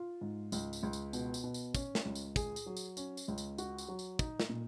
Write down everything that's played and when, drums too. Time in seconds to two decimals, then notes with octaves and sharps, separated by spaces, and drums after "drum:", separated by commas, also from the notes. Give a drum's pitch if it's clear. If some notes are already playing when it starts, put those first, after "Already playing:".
Already playing: F4
0.21 G#2
0.52 C#2, drum: tambourine
0.73 drum: tambourine
0.83 C#2
0.93 drum: tambourine
1.13 B2, drum: tambourine
1.34 drum: tambourine
1.44 B2
1.54 drum: tambourine
1.75 C#4, drum: kick, tambourine
1.95 drum: snare
2.05 C#2
2.15 drum: tambourine
2.36 G#4, drum: kick, tambourine
2.56 drum: tambourine
2.66 F#3
2.77 drum: tambourine
2.97 C#4, drum: tambourine
3.17 drum: tambourine
3.28 C#2
3.38 drum: tambourine
3.58 F#4, drum: tambourine
3.78 drum: tambourine
3.88 F#3
3.99 drum: tambourine
4.19 D#4, drum: kick, tambourine
4.40 drum: snare
4.49 A#2